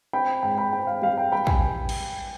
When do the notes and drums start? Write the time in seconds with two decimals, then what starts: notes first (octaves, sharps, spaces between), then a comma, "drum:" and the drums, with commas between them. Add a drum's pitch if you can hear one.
0.13 C4 G5 B5
0.43 G#2 G5
0.57 G5 B5
0.73 C4 G5
0.87 F5
1.02 G3 F5
1.18 G5
1.32 G3 G5 B5
1.47 G#5, drum: kick
1.89 drum: cymbal